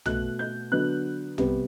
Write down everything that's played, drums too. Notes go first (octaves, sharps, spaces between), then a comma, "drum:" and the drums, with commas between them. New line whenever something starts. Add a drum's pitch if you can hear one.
B2 A3 F#6, drum: tom B1
G6
D3 F#3 B3 F#6
C3 G3 B3, drum: tom B1